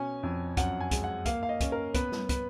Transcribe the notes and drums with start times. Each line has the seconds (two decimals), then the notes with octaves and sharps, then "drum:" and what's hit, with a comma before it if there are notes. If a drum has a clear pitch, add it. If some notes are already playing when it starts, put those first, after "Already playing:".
Already playing: B2 C#4 G#5
0.23 F2
0.57 F#2 F#5, drum: kick, hi-hat
0.81 G#5
0.91 G#3, drum: kick, hi-hat
1.04 F#5
1.26 A#3 F5, drum: kick, hi-hat
1.43 F5
1.49 D#5
1.60 C#4, drum: kick, hi-hat
1.72 A#4
1.94 B3 B4, drum: kick, hi-hat
2.12 drum: snare
2.29 B3 B4, drum: kick, hi-hat